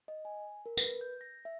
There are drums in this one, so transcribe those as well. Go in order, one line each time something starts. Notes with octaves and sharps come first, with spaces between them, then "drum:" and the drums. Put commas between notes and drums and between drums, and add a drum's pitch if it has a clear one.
D#5
G#5
A#4
B4, drum: tambourine
G6
A#6
E5